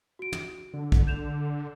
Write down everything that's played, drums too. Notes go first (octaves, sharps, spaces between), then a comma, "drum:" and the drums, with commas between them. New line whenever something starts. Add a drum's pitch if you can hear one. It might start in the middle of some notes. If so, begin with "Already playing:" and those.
F#4 D7
drum: tom
D3
drum: kick
G6 E7 F7